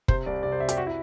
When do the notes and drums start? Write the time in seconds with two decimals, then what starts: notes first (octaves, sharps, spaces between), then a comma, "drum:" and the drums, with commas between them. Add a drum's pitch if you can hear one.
0.08 C3 C5, drum: kick
0.26 C2 D5
0.43 C3 D5
0.52 C5
0.60 C3 E5
0.69 G4, drum: hi-hat
0.77 F#4
0.87 E4